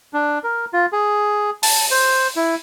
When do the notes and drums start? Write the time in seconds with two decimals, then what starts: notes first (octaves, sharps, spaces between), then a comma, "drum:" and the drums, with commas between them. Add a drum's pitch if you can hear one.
0.13 D4
0.43 A#4
0.73 F4
0.93 G#4
1.63 A5, drum: open hi-hat
1.91 C5
2.36 E4